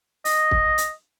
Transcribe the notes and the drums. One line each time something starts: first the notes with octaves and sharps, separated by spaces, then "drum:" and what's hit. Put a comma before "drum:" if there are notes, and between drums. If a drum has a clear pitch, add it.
D#5, drum: open hi-hat
drum: kick
drum: hi-hat